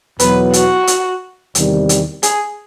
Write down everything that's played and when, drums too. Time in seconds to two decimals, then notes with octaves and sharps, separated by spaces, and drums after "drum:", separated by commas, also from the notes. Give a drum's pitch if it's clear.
0.19 E2 B2 F#3 B3 E4 B4, drum: hi-hat
0.53 F#4, drum: hi-hat
0.87 drum: hi-hat
1.55 E2 C3 D#3 G3, drum: hi-hat
1.89 drum: hi-hat
2.23 G#4, drum: hi-hat